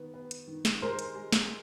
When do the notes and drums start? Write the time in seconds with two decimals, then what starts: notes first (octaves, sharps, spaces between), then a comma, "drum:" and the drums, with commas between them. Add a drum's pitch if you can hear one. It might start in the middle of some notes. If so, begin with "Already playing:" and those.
Already playing: D#3 B3
0.14 B3
0.31 drum: hi-hat
0.47 D#3
0.65 drum: snare
0.82 G#3 A#4 C5
0.99 drum: hi-hat
1.15 G#3
1.33 drum: snare